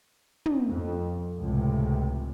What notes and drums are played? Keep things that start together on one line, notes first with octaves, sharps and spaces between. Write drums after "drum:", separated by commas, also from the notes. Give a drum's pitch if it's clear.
drum: tom
F2
C#2 A2 C3